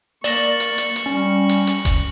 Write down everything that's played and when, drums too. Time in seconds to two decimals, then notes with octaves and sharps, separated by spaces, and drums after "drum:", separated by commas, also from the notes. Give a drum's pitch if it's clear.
0.24 A#3 D5 C#6 A#6 E7 F#7, drum: open hi-hat
0.60 drum: hi-hat
0.78 drum: hi-hat
0.96 drum: hi-hat
1.06 G3 C#4
1.49 drum: hi-hat
1.67 drum: hi-hat
1.85 drum: kick F1, hi-hat